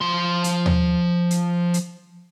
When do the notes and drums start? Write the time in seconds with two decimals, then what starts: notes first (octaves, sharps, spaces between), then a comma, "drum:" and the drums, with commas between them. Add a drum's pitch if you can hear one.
0.01 F3 C6
0.44 drum: hi-hat
0.66 drum: tom D#2
1.31 drum: hi-hat
1.74 drum: hi-hat